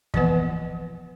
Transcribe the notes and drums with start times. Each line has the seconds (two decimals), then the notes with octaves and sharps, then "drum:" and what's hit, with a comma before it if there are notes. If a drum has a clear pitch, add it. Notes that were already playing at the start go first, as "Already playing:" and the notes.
0.14 E3 F3 A#3 B3 B4 F#5, drum: kick